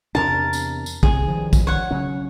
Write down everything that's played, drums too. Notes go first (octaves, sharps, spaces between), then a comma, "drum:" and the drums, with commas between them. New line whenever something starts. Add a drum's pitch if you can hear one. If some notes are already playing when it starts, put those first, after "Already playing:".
E2 C3 D4 A#4 A5
drum: tambourine
drum: tambourine
C3 G#4, drum: kick
G2 D#3 F3
drum: kick, tambourine
C#5 F#5
C#3 F#3 C#4